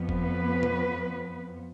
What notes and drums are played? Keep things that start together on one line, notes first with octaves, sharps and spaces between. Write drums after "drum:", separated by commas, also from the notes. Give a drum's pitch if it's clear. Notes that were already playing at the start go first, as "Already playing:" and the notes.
Already playing: F2 F3 B3
B4, drum: kick F#1
drum: tom B2